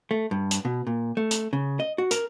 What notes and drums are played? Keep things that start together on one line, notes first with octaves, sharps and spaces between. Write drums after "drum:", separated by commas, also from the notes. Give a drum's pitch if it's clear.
A3
G2
drum: hi-hat
B2
A#2
A3
drum: hi-hat
C#3
D#5
F#4
A#4, drum: hi-hat